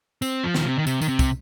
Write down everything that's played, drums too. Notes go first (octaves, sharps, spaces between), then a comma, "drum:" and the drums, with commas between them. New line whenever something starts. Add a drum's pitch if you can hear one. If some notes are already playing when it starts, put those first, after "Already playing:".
C4, drum: tambourine
F3
D#3, drum: snare
C3
D#3
C3, drum: tambourine
D#3, drum: tambourine
C3
drum: kick, tambourine